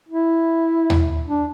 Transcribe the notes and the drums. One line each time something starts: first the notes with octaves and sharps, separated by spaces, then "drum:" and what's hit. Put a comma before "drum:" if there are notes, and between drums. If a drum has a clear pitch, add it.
E4
drum: tom D#2
D4